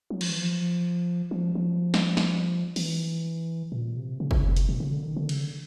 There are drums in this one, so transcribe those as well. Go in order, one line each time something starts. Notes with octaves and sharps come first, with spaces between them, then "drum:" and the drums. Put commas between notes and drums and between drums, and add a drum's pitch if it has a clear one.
F#3
F3, drum: cymbal
E3
F3
F3
F3
drum: snare
drum: snare
E3, drum: open hi-hat
A#2
C3
C#3
drum: kick
C3
drum: hi-hat
B2
C#3
D3
D#3
D3
C#3, drum: cymbal
D3